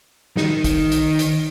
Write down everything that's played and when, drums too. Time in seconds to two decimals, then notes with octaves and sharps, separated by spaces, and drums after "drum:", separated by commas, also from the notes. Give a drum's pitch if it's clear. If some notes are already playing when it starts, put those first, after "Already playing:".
0.37 D#3 D#4, drum: snare
0.64 drum: kick, hi-hat
0.92 drum: hi-hat
1.19 drum: hi-hat